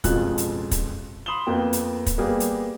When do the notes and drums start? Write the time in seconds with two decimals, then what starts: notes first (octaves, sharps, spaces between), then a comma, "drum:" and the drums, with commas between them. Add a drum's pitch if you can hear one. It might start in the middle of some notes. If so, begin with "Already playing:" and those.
0.04 A1 F2 B2 F3 G#3 F#6, drum: kick, hi-hat
0.38 drum: hi-hat
0.71 drum: kick, hi-hat
1.26 B5 C6 D#6 E7 F#7 G7
1.46 F2 A#3 B3 G5
1.73 drum: hi-hat
2.06 drum: kick, hi-hat
2.18 G3 A#3 B3 G4 G#4
2.40 drum: hi-hat